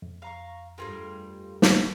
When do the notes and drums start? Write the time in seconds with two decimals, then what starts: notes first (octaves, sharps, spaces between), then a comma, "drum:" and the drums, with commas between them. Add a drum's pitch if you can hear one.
0.02 F2
0.22 F5 A#5 C#6
0.78 G2 G3 A3 F4 G#4 A#4
1.62 drum: snare